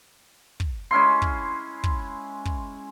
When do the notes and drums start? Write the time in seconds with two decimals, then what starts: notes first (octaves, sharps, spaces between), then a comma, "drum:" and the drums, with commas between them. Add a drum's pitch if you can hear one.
0.60 drum: kick
0.91 G#3 C#4 E4 C6
1.22 drum: kick
1.84 drum: kick
2.45 drum: kick